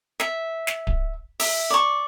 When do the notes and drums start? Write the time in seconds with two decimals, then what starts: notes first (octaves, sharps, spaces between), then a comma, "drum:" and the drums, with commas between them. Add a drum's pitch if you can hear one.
0.20 E5, drum: snare
0.67 drum: snare
0.87 drum: kick D1
1.40 E5, drum: open hi-hat
1.70 D5 C#6